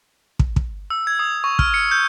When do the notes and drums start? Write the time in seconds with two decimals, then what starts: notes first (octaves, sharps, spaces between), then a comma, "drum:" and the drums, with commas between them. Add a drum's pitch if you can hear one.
0.39 drum: kick
0.56 drum: kick
0.90 E6
1.07 G#6
1.19 D#6
1.44 C#6
1.59 F6, drum: kick
1.74 C#7
1.91 G6